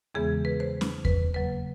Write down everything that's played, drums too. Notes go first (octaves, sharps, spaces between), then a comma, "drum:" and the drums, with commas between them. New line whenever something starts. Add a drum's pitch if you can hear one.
E2 C#3 E3 G#3 B3 G#4
B4
C5
drum: snare C#4
B4, drum: kick E2
C#3 F#3 A#3 B4